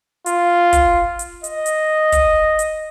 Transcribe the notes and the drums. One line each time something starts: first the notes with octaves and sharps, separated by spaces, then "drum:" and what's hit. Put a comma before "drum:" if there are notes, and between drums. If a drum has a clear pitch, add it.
F4, drum: hi-hat
drum: kick, hi-hat
drum: hi-hat
D#5, drum: hi-hat
drum: hi-hat
drum: kick, hi-hat
drum: hi-hat